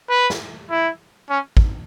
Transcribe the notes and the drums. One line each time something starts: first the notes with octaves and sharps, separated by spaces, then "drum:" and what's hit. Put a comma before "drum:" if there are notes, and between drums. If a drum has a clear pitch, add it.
B4
drum: snare
E4
C#4
drum: kick